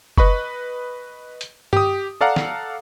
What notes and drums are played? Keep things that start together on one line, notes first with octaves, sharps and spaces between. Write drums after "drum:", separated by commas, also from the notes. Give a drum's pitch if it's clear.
B4 D#5 B5 C#6, drum: kick F#1
drum: hi-hat
G4 D#6, drum: tom
A4 D5 F5 F#5 A#5
drum: snare